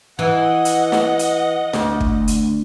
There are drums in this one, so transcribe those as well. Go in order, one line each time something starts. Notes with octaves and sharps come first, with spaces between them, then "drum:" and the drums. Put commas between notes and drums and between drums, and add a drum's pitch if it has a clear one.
E3 D#5 F#5
drum: hi-hat
drum: snare
drum: hi-hat
D2, drum: snare
drum: kick
drum: hi-hat